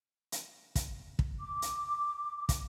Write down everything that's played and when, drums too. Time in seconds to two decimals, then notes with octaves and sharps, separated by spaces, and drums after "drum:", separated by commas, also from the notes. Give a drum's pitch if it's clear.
0.32 drum: hi-hat
0.75 drum: kick, hi-hat
1.19 drum: kick
1.40 D6
1.62 drum: hi-hat
2.49 drum: kick, hi-hat